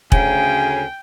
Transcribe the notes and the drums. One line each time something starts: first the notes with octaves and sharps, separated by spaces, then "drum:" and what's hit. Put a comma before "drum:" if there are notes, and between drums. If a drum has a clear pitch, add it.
D2 C#3 G5 G#5, drum: kick